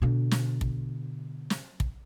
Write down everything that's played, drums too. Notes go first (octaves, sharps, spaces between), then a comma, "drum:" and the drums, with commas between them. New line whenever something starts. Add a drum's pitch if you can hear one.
B2 D3
drum: snare
drum: kick
drum: snare
drum: kick